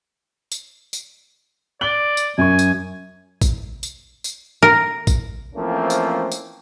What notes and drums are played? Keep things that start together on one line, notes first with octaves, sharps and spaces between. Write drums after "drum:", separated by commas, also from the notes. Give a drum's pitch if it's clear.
drum: tambourine
drum: tambourine
D5 F#7 G7
drum: tambourine
F#2 G#5 C#6
drum: tambourine
drum: kick A1, tambourine
drum: tambourine
drum: tambourine
A#4
drum: kick A1, tambourine
E3 F3 A3 A#3 C4 C#4
drum: tambourine
drum: tambourine